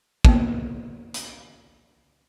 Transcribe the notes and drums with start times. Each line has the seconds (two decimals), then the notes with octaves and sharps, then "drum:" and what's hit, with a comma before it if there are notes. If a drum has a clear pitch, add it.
0.25 A#3 B3, drum: kick
1.14 drum: hi-hat